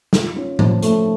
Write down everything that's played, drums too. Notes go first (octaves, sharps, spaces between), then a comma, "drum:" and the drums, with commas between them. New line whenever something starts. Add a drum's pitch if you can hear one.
F4, drum: snare
C#4
F3, drum: tom A2
A3, drum: hi-hat